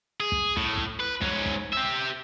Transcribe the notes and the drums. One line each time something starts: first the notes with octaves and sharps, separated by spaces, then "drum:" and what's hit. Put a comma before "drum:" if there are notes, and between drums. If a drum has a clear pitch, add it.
G#4
drum: kick
A2, drum: kick
drum: kick
B4
G#2 C#4, drum: kick
drum: kick
G4 E5